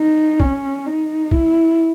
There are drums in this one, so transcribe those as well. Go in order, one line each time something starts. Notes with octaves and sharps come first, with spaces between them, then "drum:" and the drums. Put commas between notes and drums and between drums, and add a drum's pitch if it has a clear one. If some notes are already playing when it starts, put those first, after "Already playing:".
Already playing: D#4
C#4, drum: kick A#1
D#4
E4, drum: kick A#1